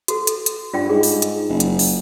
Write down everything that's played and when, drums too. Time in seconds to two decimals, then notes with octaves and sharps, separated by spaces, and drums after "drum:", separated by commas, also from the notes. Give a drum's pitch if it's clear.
0.08 F#4 A4, drum: hi-hat
0.27 drum: hi-hat
0.46 drum: hi-hat
0.73 G2 F4 D5 G5
0.90 G#2 G#4
1.03 drum: open hi-hat
1.22 drum: hi-hat
1.49 F#1
1.60 drum: hi-hat
1.79 drum: open hi-hat